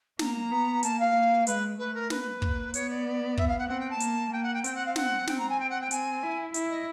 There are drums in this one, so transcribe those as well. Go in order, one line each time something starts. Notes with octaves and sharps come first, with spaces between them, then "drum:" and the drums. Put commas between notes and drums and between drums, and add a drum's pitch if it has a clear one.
A#3 A#5, drum: snare
B3
A#3 A5, drum: hi-hat
F5
A#3
G#3 B4, drum: hi-hat
A3 B4
A#4
A#3 B4, drum: snare
A#3, drum: kick
B3 C#5, drum: hi-hat
D5
E5, drum: kick
F5
F#5
C4 F#5
G5
A5
A#3, drum: hi-hat
A#3 G5
F#5
G5
C4 G5, drum: hi-hat
F#5
F5
F#5, drum: snare
C4 G5, drum: snare
A#5
G#5
G5
F#5
G5
C4 G#5, drum: hi-hat
E4
E4, drum: hi-hat
D#5